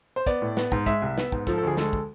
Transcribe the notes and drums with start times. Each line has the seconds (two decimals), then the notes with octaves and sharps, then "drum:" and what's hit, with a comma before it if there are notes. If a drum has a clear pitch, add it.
0.16 C5
0.26 B3 D5, drum: kick, hi-hat
0.42 A2
0.57 B3, drum: snare
0.72 G#2, drum: kick
0.86 G#3 E5, drum: kick, hi-hat
1.02 C2
1.18 B3, drum: snare
1.32 G#2, drum: kick
1.47 F3 A4, drum: kick, hi-hat
1.58 A4
1.63 D2 G#4
1.77 G#3 A4, drum: snare
1.93 drum: kick